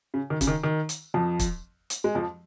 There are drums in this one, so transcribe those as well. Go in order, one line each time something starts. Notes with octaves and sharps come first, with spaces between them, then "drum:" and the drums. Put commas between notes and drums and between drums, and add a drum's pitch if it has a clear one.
C#3
D#3
C#3, drum: kick, hi-hat
D#3
D#3
drum: hi-hat
F2 F3
drum: kick, hi-hat
drum: hi-hat
G#3
F2 F3